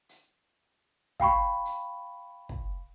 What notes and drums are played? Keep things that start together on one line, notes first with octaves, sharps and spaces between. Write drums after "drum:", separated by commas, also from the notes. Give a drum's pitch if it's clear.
drum: hi-hat
F5 G5 B5 C#6, drum: kick
drum: hi-hat
drum: kick